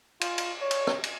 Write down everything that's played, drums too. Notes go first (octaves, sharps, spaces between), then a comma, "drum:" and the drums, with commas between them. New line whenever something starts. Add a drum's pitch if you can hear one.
F4, drum: cymbal
drum: cymbal
C#5
drum: cymbal
drum: rim click
drum: cymbal